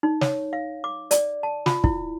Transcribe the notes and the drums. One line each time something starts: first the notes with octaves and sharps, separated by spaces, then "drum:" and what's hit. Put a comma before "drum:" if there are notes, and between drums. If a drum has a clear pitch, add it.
D#4
C#5, drum: snare
F5
D6
D5, drum: hi-hat
A5
F4, drum: snare
E4, drum: kick